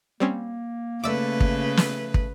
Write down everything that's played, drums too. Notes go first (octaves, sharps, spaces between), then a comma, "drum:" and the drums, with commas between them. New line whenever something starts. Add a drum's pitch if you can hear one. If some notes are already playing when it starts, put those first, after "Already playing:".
G3 A#3 C4 C#4
C#3 A3 B4 D5 E5 D6 E6
drum: kick
drum: snare
drum: kick